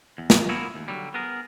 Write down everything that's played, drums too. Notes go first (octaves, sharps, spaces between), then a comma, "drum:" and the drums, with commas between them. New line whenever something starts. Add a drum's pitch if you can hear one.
E2
drum: snare
F3 A#3 C#4 D#4 E4 F#4
D#2
D3 F#3 G3
B3 G#4 A#4